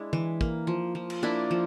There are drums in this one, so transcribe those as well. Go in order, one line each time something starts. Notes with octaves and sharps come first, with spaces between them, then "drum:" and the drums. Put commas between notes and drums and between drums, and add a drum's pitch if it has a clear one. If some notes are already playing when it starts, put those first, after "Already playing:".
Already playing: G#3 D4 E4
E3, drum: tom
A#3, drum: kick
F3
F3
drum: cymbal
A#3 D4 E4
F3